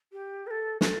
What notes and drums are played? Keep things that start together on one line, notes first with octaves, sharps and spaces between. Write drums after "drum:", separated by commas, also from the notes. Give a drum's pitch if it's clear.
G4
B4
A4
A4, drum: snare